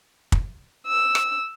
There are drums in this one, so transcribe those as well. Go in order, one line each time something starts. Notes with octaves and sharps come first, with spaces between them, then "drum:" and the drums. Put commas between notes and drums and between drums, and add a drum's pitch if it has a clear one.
drum: kick
E6
drum: rim click